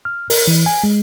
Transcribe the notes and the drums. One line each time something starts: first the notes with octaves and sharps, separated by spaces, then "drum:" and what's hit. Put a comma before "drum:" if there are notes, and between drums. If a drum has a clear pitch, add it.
F6
A#4, drum: open hi-hat
E3
G#5
G#3